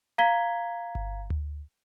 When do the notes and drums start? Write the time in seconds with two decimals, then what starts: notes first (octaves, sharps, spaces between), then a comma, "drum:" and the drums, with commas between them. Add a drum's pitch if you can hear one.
0.18 F5 A#5 G#6 B6 G7
0.95 drum: kick G1
1.30 drum: tom D2